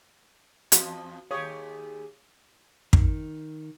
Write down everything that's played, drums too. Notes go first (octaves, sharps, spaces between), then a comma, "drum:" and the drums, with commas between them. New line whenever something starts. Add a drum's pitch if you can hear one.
E2 F3 F#4 F5, drum: hi-hat
D#2 G4 G#4 C#5 F5 A5 D#6
D#3, drum: kick